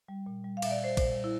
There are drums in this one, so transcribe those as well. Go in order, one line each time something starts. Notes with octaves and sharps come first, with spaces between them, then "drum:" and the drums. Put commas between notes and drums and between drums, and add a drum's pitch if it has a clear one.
G3
A#2
G3
F5
A#2 E5, drum: cymbal
D5
A#2 C5
A#2 C5, drum: kick, cymbal
G3
E4